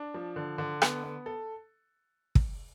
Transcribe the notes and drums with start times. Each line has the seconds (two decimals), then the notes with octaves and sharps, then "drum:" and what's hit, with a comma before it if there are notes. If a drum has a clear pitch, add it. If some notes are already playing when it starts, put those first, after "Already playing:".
Already playing: D4
0.14 F3
0.36 D3
0.58 D3
0.82 B3, drum: rim click
1.04 B3
1.26 A4
2.35 drum: kick